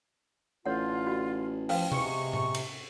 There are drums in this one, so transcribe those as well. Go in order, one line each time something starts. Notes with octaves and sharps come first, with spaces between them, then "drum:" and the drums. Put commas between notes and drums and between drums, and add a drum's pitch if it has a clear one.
A1 D3 F4 C#5 F#5
F#4
F3 B4 F5 G5, drum: open hi-hat
C3 G#3 C#6, drum: tom C3
drum: tom A2
drum: cymbal